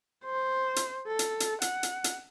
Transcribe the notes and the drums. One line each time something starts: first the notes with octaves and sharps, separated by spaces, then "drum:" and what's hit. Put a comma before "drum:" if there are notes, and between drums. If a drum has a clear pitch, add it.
C5
drum: hi-hat
A4
drum: hi-hat
drum: hi-hat
F#5, drum: hi-hat
drum: hi-hat
drum: hi-hat